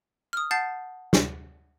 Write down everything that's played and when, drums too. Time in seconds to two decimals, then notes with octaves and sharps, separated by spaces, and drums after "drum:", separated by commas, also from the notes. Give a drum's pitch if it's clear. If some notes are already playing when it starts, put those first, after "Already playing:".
0.33 D#6 F6
0.51 F#5 A5 G6 A6 C7
1.13 drum: snare